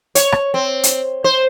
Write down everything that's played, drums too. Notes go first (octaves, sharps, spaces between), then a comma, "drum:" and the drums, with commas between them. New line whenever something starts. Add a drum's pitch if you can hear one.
C#5, drum: hi-hat
drum: rim click
C4
drum: hi-hat
C5